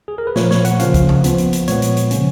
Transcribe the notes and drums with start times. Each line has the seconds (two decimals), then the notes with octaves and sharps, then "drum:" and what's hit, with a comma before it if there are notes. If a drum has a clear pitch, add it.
0.08 G#4
0.18 A#4
0.27 B4
0.36 A#2 F3 A#3 C#5, drum: snare
0.51 C#5, drum: snare
0.65 F#5, drum: hi-hat
0.80 C#3 F3 A#3 C#4 F5, drum: hi-hat
0.94 drum: kick, hi-hat
1.09 drum: tom C3
1.24 F3 B3, drum: hi-hat
1.38 drum: hi-hat
1.53 drum: hi-hat
1.68 A#2 G#3 B3 C#5, drum: hi-hat
1.82 drum: hi-hat
1.97 drum: hi-hat
2.11 C#3 F3 A#3 C#4, drum: hi-hat